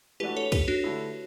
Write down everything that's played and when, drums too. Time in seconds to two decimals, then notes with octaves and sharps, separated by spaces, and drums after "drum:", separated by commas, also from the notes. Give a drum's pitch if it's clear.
0.20 E3 A3 D4 F#4 G4 B4
0.37 A4 C#5
0.52 G4 B4, drum: kick, cymbal
0.68 D4 F#4
0.84 D3 A3 E4